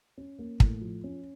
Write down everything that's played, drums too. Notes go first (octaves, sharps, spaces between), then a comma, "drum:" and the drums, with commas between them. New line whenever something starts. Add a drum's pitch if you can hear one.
C#4
A#3
A2, drum: kick
F3
C#4